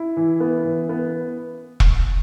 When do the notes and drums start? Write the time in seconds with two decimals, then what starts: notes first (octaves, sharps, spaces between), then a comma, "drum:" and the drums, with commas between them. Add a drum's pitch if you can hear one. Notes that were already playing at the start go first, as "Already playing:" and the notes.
Already playing: E4
0.17 E3
0.40 B3
0.65 E3
0.89 B3
1.80 drum: kick E1